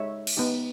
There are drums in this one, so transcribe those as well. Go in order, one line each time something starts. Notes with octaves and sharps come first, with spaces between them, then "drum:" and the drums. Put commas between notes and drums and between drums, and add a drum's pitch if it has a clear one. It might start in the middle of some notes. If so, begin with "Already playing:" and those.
Already playing: G#3 D#4 G4 C#5 E5
drum: cymbal
B3 D#4 G4